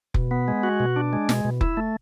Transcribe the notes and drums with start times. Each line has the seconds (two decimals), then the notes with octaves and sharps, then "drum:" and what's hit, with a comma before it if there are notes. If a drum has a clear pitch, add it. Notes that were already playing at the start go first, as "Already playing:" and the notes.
0.14 B2, drum: kick F1
0.31 B3
0.48 G#3
0.63 F#4
0.80 B2
0.96 D4
1.13 G#3
1.29 B2, drum: snare
1.45 B2
1.61 E4, drum: kick F1
1.77 A3